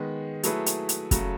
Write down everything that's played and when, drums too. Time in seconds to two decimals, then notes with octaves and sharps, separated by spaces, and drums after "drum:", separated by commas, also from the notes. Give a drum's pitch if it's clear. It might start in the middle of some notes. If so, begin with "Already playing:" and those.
Already playing: D#3 G#3 B3
0.43 F#3 A3 E4 G#4 B4, drum: hi-hat
0.66 drum: hi-hat
0.89 drum: hi-hat
1.11 C#3 F#3 A3, drum: kick, hi-hat